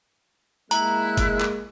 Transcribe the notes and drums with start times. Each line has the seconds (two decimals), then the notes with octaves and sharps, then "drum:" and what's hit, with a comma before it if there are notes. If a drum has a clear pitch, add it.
0.71 G#3 A#3 E4 A#5 F#6, drum: hi-hat
1.17 drum: kick, hi-hat
1.41 drum: clap